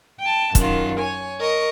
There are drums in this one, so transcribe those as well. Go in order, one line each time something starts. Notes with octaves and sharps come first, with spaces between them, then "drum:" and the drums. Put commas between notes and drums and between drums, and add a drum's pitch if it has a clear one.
G5 A5
F#2 D#3 F4, drum: kick, hi-hat
C#5 G#5
A#4 D#5 C#6